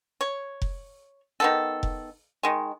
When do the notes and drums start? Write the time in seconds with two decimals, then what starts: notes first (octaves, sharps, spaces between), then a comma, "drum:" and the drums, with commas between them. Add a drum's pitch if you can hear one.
0.21 C#5
0.62 drum: kick F1
1.40 D#3 B3 A4
1.83 drum: kick F1
2.43 D#3 G#3